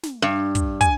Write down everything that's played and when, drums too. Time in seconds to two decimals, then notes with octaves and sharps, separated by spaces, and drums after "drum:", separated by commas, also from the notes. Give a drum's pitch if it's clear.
0.03 drum: snare
0.22 G2
0.55 drum: kick, hi-hat
0.81 G#5, drum: kick, hi-hat